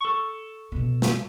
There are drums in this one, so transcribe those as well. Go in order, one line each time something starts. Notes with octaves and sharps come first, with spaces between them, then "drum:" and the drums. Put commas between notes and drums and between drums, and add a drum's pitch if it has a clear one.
A4 C#6
B2 B3
drum: snare